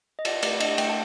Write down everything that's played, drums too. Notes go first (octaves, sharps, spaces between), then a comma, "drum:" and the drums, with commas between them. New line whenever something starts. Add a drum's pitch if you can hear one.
D#5
F4 D5, drum: cymbal
A3 D5, drum: cymbal
D4 D#5, drum: cymbal
A3 G5, drum: cymbal
A5